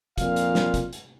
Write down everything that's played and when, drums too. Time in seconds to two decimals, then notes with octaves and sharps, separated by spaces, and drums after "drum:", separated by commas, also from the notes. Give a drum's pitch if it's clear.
0.18 F2 A#2 F4 F5, drum: kick, hi-hat
0.36 drum: hi-hat
0.55 drum: snare
0.74 drum: kick, hi-hat
0.93 drum: hi-hat